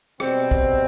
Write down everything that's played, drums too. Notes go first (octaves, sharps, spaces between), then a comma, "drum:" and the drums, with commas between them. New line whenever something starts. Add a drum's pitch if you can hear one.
B2 G3 C4, drum: rim click
drum: kick